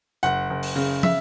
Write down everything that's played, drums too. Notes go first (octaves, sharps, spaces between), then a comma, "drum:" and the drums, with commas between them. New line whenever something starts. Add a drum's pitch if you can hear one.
F#1 F#5, drum: hi-hat
F#1
drum: open hi-hat
C#3
E5, drum: tom